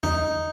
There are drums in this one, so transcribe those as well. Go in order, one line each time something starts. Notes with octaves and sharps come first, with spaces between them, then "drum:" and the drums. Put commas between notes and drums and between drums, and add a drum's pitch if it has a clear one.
D#4, drum: tom E2